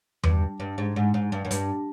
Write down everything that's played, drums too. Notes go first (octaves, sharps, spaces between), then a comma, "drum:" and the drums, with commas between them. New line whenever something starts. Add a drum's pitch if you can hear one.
G2, drum: tom E2
G2
G#2
G#2
G#2
G2
F#2
G2, drum: hi-hat